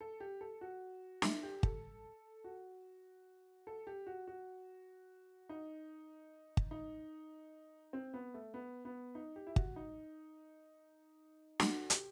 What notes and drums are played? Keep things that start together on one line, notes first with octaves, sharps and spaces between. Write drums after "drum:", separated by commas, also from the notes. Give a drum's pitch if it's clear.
A4
G4
A4
F#4
E4, drum: snare
G4
A4, drum: kick
F#4
A4
G4
F#4
F#4
D#4
drum: kick
D#4
C4
B3
A3
B3
B3
D#4
G4
E4
F#4, drum: kick
D#4
F#4, drum: snare
G4, drum: hi-hat